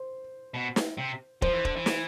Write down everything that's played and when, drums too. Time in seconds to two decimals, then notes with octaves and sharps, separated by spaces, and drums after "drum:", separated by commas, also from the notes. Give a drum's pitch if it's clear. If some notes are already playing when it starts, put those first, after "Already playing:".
Already playing: C5
0.54 B2
0.76 drum: snare
0.98 C3
1.42 F3 C5, drum: kick
1.53 E3
1.65 D3, drum: kick
1.76 E3
1.86 drum: snare